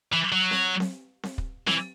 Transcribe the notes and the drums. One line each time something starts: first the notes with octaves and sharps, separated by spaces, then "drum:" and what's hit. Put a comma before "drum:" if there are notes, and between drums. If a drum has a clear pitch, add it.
E3
F#3
drum: snare C4
drum: snare C4
drum: snare C4
drum: kick
E3, drum: snare C4